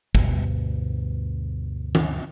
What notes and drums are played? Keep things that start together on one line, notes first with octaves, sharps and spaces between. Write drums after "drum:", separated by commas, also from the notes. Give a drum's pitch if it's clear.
D2 G2 B2, drum: kick
drum: tom D#3